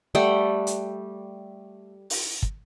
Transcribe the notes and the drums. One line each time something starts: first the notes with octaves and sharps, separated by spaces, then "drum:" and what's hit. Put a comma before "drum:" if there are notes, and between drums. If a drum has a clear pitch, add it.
G3 A3 F#5 G5
drum: hi-hat
drum: open hi-hat
drum: kick